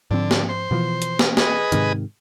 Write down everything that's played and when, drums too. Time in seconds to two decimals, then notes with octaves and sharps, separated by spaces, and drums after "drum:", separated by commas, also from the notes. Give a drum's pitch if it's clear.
0.11 G#2 D3 F3 C4
0.31 drum: snare
0.49 C5
0.71 B2 E3 F3
1.02 drum: hi-hat
1.19 drum: snare
1.37 G#4 B4 D#5, drum: snare
1.72 G#2 C3 D#3, drum: hi-hat